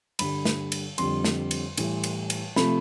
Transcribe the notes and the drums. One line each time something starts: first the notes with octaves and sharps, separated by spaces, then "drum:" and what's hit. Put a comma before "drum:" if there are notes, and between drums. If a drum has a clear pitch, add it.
G2 D3 G3 B5, drum: cymbal
drum: snare
drum: cymbal
F2 D3 G3 C6, drum: cymbal
drum: snare
drum: cymbal
A2 E3 G3, drum: cymbal
drum: cymbal
drum: cymbal
C3 F3 A3 B5, drum: snare